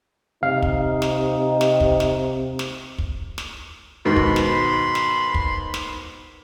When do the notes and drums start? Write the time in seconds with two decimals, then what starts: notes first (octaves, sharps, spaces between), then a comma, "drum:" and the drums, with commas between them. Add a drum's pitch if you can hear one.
0.43 C3 D#4 F5
0.62 drum: kick
1.02 drum: snare
1.61 drum: snare
1.80 drum: kick
2.00 drum: snare
2.59 drum: snare
2.98 drum: kick
3.38 drum: snare
4.05 G#2 B2 D#3 B5 C6
4.16 drum: kick
4.36 drum: snare
4.95 drum: snare
5.34 drum: kick
5.74 drum: snare